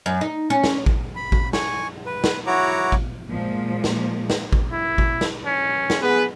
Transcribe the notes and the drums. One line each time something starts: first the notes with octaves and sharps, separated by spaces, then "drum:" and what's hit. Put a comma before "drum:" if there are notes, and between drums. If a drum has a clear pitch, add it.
F#2
D#4
C#4
drum: snare
drum: kick A1
B5
drum: kick A1
G#5 C#6, drum: snare
B4
drum: snare
E4 F#4 C#5 F#5 A#5 D6
drum: kick A1
A#2 F3 G#3 A#3
drum: snare
drum: snare
drum: kick A1
E4
drum: kick A1
drum: snare
C#4
drum: snare
B3 G#4 B4